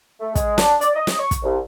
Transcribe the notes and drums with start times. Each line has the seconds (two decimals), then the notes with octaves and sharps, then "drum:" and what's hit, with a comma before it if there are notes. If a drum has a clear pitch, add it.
0.20 A3
0.35 G#3, drum: kick, hi-hat
0.58 D4, drum: snare
0.81 D5, drum: hi-hat
0.96 D#5
1.07 drum: snare
1.19 C#6
1.31 drum: kick, hi-hat
1.43 C2